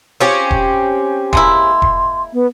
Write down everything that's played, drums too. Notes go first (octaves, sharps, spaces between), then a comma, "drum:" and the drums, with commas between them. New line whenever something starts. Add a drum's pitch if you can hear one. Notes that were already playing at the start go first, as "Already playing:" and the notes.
C4 C#4 F4 G4 G#4 C#5
drum: kick E1
G#3 A#3 E4 C6, drum: kick E1
drum: kick E1
B3